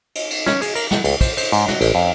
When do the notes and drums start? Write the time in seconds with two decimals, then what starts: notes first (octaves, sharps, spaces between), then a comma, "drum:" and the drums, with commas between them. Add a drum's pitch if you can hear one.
0.15 drum: cymbal
0.30 drum: cymbal
0.46 C#4, drum: snare
0.62 G#4, drum: cymbal
0.75 A#4, drum: cymbal
0.91 F#5, drum: snare
1.04 C#2, drum: cymbal
1.21 C5, drum: kick, cymbal
1.37 C5, drum: cymbal
1.52 G#2, drum: cymbal
1.68 F#4, drum: snare
1.81 A1, drum: cymbal
1.95 F2